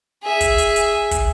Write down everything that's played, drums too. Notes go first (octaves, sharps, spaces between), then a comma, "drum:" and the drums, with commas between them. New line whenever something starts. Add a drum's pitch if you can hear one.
G#4 E5
drum: kick, hi-hat
drum: hi-hat
drum: hi-hat
drum: kick, hi-hat